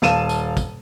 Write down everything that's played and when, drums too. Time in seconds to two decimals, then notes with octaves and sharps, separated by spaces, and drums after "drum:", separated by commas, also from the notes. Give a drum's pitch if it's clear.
0.02 D#1 F5 A5 D#7 E7, drum: snare
0.29 drum: tambourine
0.57 drum: kick, tambourine